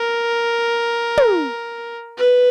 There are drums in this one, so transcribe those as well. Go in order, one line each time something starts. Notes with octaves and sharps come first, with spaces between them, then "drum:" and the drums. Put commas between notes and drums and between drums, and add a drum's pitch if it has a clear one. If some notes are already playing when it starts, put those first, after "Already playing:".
Already playing: A#4
drum: tom
B4